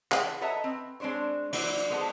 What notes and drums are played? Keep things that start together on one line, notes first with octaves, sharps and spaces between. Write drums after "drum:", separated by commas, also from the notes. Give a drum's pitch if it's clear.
E3 G#4 C#5 E5 F#5, drum: clap
A4 B4 C#5 D#5 E5 A#5
C4
G#3 C4 D4 C5 C#5
E3 F#3 A#3 D4 C5 D5, drum: cymbal
drum: hi-hat
G#3 B3 A4 C5